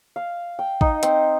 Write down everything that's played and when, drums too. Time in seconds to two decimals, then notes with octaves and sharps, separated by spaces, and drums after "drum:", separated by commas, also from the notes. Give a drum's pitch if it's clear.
0.16 F5
0.59 G5
0.81 D#4, drum: kick A1
1.03 C4, drum: hi-hat